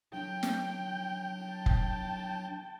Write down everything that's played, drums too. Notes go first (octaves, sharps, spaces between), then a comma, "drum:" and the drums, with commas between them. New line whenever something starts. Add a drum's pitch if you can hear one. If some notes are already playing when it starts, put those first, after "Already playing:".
F#3 D4 G5
drum: snare
G5 A5
drum: kick F1